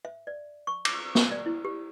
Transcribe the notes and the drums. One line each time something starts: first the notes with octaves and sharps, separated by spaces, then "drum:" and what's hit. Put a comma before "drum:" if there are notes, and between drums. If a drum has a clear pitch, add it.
E5
D5
C#6
D6, drum: cymbal
C#6, drum: snare
D5
E4
G4